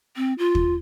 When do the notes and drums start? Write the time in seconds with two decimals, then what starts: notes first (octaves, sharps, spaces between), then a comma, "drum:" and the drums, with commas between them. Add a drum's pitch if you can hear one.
0.16 C4
0.39 F4
0.55 drum: kick